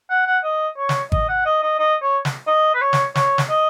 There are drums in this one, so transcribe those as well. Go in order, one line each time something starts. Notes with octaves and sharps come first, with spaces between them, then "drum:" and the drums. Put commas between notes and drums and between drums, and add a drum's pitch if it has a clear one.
F#5
F#5
D#5
C#5
drum: snare
D#5, drum: kick G#1
F#5
D#5
D#5
D#5
C#5
drum: snare
D#5
B4
C#5
drum: snare
C#5, drum: snare
drum: snare
D#5